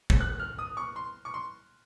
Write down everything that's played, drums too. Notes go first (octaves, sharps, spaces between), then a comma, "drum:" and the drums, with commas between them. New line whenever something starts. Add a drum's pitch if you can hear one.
drum: kick
F#6
F6
D#6
C#6
C6
C#6
C6